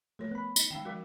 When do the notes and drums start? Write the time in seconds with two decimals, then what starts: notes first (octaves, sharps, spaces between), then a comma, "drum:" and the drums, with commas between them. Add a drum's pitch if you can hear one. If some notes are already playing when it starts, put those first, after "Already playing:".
0.19 F3 A3 A#4 C#5
0.31 B3 B5
0.56 D#4 C#7, drum: tambourine
0.71 D#3 G#3 C#4 G5
0.85 F3 G#3 F#4 A#4